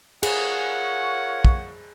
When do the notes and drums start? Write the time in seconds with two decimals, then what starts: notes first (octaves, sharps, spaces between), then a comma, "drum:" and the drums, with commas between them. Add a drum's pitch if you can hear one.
0.23 F4 G#4 A#4 C#5 F#5, drum: cymbal
1.45 drum: kick